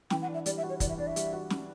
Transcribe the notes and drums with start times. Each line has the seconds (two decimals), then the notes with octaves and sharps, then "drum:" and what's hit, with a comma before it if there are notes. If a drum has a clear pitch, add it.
0.10 E3 G5, drum: snare
0.22 F#5
0.28 D4
0.34 E5
0.46 G3 D5, drum: hi-hat
0.58 E5
0.63 F#4
0.70 C#5
0.80 E3 D5, drum: kick, hi-hat
0.89 E5
0.98 D4 D5
1.07 E5
1.16 G3, drum: hi-hat
1.33 F#4
1.50 drum: snare